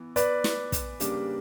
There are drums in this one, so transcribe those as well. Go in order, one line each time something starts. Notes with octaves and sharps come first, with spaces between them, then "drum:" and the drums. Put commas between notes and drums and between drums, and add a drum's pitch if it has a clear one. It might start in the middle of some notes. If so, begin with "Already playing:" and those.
Already playing: E3 B3
B4 D5, drum: hi-hat
drum: snare
drum: kick, hi-hat
C#3 G3 A#3 D4 G4, drum: hi-hat